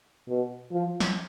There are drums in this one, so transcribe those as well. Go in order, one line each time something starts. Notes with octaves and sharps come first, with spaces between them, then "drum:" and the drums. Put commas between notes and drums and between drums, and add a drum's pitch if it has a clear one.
B2
F3
drum: snare